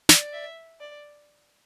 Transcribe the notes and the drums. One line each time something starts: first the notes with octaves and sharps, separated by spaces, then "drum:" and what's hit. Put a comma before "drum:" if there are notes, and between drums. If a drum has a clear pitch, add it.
D5, drum: snare
E5
D5